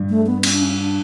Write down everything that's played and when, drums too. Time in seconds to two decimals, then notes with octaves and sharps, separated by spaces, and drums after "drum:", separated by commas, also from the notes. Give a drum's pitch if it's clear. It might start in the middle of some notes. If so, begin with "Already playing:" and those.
Already playing: G2
0.10 A3
0.26 B3
0.43 C#4, drum: cymbal
0.53 D4
0.62 C#4
0.78 D4